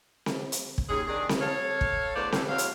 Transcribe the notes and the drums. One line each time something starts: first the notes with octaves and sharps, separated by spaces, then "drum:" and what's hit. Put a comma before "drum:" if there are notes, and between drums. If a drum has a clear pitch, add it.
drum: snare C4
drum: hi-hat
drum: kick
D#2 C4 C#4 G#4
C3 D#3 D4 G#4
drum: snare C4
A4 C#5 F5
drum: kick
E2 A3 D4 B4 C5 D5
A2, drum: snare C4
E2 B2 C4 C#5 F5
drum: hi-hat